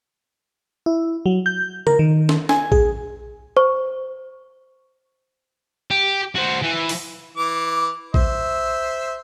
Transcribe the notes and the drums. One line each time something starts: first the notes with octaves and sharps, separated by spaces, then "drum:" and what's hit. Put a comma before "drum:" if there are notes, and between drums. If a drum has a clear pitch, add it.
E4
F#3
G6
A#4, drum: tom C#3
D#3
drum: snare
G#5, drum: snare
G#4, drum: kick A#1
C5 C#6
G4
F#4 C5
E3
drum: open hi-hat
E3 D6
C5 E5, drum: kick A#1